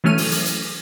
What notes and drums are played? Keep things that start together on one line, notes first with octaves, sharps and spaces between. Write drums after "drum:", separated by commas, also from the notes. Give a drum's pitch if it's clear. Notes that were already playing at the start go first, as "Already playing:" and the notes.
E3 F#3 A3 C#4 F6 D#7
drum: open hi-hat
drum: hi-hat
drum: hi-hat